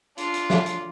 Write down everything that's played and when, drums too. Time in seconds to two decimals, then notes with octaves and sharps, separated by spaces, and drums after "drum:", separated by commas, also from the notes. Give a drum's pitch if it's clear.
0.18 D4 F4, drum: hi-hat
0.34 drum: hi-hat
0.50 drum: snare
0.66 drum: hi-hat